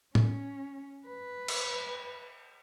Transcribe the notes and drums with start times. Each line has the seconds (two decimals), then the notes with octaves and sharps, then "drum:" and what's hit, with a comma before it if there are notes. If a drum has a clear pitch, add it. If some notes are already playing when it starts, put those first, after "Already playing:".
0.15 C#4, drum: tom A2
1.07 B4
1.48 drum: cymbal